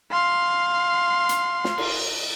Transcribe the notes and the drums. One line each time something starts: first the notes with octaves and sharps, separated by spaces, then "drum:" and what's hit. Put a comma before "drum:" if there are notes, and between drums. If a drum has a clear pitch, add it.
F5 C6
drum: hi-hat
drum: snare
drum: cymbal